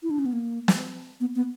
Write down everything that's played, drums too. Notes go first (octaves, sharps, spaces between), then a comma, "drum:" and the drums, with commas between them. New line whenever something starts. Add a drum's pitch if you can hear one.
E4
D4
C#4
B3
A#3
drum: snare
B3
B3